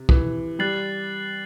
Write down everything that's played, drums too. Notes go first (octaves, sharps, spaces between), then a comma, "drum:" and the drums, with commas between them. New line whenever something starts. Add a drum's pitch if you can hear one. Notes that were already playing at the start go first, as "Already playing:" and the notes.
Already playing: C3
E3, drum: kick
G3 F#6 A6 C7 F#7